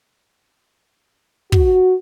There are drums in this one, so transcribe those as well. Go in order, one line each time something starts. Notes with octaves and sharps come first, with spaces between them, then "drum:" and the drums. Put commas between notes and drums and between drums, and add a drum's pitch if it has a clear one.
F#4, drum: kick